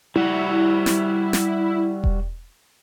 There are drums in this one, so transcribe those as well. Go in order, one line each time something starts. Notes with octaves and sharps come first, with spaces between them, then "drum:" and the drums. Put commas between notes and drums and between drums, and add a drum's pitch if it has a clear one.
G3 E4 F#4
drum: snare
drum: snare
drum: kick E1